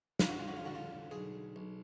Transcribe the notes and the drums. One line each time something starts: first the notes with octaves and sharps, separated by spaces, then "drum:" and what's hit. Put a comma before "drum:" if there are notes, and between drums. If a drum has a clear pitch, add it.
F2 F4, drum: snare
F#4
F4
F#4
F4
D3 F#4
F4
B1 G#4
B1